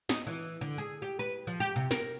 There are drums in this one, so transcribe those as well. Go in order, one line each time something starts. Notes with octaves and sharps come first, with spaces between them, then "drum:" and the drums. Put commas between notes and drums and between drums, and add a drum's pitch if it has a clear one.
D#4, drum: snare
E3
D3
G#4
G4
B4
F3
G4
C3
A#4, drum: snare